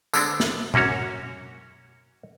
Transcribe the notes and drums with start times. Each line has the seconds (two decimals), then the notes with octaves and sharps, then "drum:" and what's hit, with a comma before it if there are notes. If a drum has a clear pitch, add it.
0.14 D3 G#3 B3 C4 D4, drum: tambourine
0.40 drum: snare
0.74 F#2 A#3 C#4 F#4 C#5, drum: tom B2